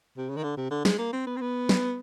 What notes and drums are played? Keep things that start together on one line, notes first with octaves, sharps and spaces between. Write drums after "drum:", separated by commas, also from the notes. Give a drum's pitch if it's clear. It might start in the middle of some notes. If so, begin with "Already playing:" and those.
C3
C#3
D#3
D3
C3
D3
G#3, drum: snare
A#3
C4
B3
C4
B3
drum: snare